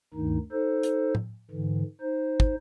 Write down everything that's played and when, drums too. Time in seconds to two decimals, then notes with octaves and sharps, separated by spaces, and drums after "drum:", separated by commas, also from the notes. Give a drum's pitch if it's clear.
0.14 D2 G2 D#3 D#4
0.52 D#4 A4 C5
0.83 drum: hi-hat
1.15 drum: tom A2
1.51 G#2 D3 E3
2.01 D#4 C5
2.40 drum: kick